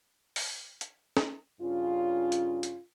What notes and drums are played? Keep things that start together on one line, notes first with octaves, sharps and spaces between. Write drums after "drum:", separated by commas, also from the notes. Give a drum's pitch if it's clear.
drum: open hi-hat
drum: hi-hat
drum: snare
G2 C#3 C#4 F4
drum: hi-hat
drum: hi-hat